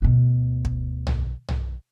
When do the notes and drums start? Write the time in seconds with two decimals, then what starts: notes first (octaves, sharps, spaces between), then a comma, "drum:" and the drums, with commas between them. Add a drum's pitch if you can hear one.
0.02 D2 B2
0.65 drum: kick
1.07 drum: tom B1
1.49 drum: tom B1